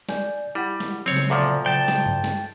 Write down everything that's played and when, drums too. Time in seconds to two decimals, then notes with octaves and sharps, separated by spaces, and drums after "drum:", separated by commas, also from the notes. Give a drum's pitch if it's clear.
0.09 D5 G#5 G6, drum: snare
0.55 G3 E4 F#5
0.80 drum: snare
1.06 C#3 F#3 C4 C#5
1.16 drum: snare
1.30 D2 A#2 F3
1.66 C#3 F#3 G5 A5
1.88 drum: snare
2.06 drum: tom G2
2.24 drum: snare